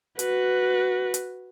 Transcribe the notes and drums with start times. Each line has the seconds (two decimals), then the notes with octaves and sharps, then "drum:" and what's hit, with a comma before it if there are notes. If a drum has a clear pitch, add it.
0.19 F#4 B4, drum: hi-hat
1.14 drum: hi-hat